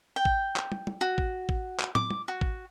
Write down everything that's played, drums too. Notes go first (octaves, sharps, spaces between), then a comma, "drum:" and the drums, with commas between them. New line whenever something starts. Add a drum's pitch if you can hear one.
G5
drum: kick A1
drum: clap
drum: tom
drum: tom
F#4
drum: kick A1
drum: kick A1
drum: clap
D6, drum: tom
drum: tom
F#4
drum: kick A1